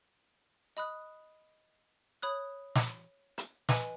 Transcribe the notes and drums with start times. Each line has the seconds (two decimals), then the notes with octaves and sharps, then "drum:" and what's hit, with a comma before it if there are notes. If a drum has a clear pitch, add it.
0.77 D#5 B5 D#6 F#6
2.22 C#5 B5 D#6 F#6
2.75 drum: snare
3.38 drum: hi-hat
3.69 B4 D#5 G#5, drum: snare